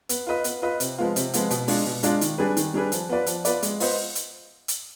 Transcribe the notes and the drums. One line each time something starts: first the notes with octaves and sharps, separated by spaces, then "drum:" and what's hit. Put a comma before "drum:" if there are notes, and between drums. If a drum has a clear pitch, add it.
B3, drum: hi-hat
F4 B4 D#5
B3, drum: hi-hat
F4 B4 D#5
C3, drum: hi-hat
F3 G#3 B3 F4
C3, drum: hi-hat
F3 G#3 B3 F4, drum: hi-hat
B2, drum: hi-hat
G#3 D4 F4, drum: open hi-hat
B2
G#3 D4 F4, drum: hi-hat
D#3, drum: hi-hat
G3 D4 G#4 B4
D#3, drum: hi-hat
G3 D4 G#4 B4
F3, drum: hi-hat
B3 F4 B4 D5
F3, drum: hi-hat
B3 F4 B4 D5, drum: hi-hat
G#3, drum: hi-hat
B3 F4 C5 D#5, drum: open hi-hat
drum: hi-hat
drum: hi-hat